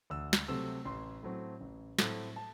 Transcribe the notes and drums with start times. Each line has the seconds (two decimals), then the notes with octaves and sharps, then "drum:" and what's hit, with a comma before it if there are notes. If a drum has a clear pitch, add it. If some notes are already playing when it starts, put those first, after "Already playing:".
0.10 D2 E6
0.33 drum: snare
0.48 C3 F#3 A3 C4 E6
0.85 A1 C6
1.23 A2 F#3 A3 C4
1.61 A1
1.99 A2 F#3 A3 C4, drum: snare
2.36 A5